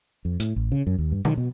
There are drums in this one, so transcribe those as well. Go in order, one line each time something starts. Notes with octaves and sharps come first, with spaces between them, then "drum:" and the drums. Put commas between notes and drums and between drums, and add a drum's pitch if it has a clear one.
F2
A2, drum: hi-hat
A1
C#3
F#2
D#2
G2
D#3, drum: tom B2
B2